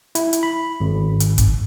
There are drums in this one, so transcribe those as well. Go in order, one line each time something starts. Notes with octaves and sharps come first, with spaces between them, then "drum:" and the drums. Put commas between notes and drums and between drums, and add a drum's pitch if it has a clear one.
E4, drum: hi-hat
drum: hi-hat
B5
G#1
drum: hi-hat
drum: kick, hi-hat